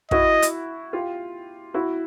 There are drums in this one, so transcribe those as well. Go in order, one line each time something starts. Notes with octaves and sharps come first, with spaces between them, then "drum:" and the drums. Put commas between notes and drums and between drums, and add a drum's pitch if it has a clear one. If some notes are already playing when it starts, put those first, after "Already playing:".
E4 F#4 D#5, drum: kick
drum: hi-hat
F4 G4
E4 F#4